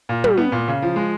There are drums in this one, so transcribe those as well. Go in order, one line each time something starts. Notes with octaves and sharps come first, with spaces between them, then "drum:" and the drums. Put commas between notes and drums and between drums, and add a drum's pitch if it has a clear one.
A#2
G3, drum: tom
B3
A#2
C#3
F3
G#3